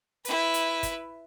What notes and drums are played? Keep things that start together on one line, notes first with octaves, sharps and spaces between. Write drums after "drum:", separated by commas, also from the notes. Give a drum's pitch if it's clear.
E4 B4, drum: hi-hat
drum: hi-hat
drum: kick, hi-hat